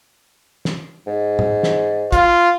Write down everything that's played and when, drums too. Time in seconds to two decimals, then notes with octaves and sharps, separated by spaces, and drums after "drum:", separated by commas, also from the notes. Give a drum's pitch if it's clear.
0.65 drum: snare
1.07 G#2
1.39 drum: tom A2
1.63 drum: snare
2.12 F4, drum: kick, hi-hat